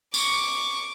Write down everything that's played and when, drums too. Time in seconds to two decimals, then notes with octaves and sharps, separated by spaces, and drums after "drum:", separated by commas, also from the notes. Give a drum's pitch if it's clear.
0.14 C#6 D6, drum: tambourine